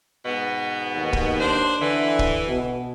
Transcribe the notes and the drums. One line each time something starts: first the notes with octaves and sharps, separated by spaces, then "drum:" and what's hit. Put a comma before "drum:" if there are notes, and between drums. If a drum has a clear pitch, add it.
G#2 B2 B3
D#2
drum: kick
D4 C5
D3 E3
drum: kick
B2